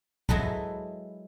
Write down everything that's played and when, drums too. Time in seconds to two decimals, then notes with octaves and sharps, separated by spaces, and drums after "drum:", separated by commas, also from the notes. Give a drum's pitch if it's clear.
0.29 F#3 G#3 E4 A4 B4, drum: kick